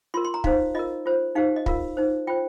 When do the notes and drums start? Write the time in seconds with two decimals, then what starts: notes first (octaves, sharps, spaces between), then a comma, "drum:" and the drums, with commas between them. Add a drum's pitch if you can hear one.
0.14 F4 A#4 C6
0.25 C6
0.34 A#5
0.44 D#4 C5 F5, drum: kick
0.75 F4 A#4 D#5
1.06 F4 C5
1.35 D#4 G4 C5 F5
1.56 D#5
1.66 F4 A#4 F5, drum: kick
1.97 D#4 C5
2.27 F4 C5 G5